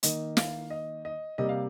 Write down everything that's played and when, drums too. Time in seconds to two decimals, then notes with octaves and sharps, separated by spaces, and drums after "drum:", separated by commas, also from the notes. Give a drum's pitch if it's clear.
0.03 D#3 A#3 D#5, drum: hi-hat
0.37 F5, drum: snare
0.70 D#5
1.05 D#5
1.38 C3 G3 A#3 D#5
1.49 F5